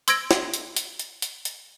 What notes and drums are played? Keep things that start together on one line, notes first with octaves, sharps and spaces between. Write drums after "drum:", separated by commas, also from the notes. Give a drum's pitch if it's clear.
C6 E6 G#6 A#6 D7, drum: hi-hat
drum: snare
drum: hi-hat
drum: hi-hat
drum: hi-hat
drum: hi-hat
drum: hi-hat